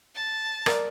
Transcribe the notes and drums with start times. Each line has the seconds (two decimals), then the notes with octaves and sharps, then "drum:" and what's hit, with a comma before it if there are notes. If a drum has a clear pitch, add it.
0.15 A5
0.66 A#4 D5, drum: rim click